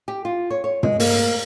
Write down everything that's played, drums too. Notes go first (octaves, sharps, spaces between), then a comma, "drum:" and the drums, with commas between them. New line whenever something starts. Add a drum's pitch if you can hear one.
G4
F4
C#5
C#5
G#3, drum: tom
A#3, drum: open hi-hat